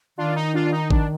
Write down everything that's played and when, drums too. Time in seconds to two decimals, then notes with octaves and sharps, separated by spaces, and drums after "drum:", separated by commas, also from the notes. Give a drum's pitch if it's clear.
0.18 D#3 D4 F4
0.36 D#4
0.54 D4 F4
0.72 D#4
0.91 D4, drum: kick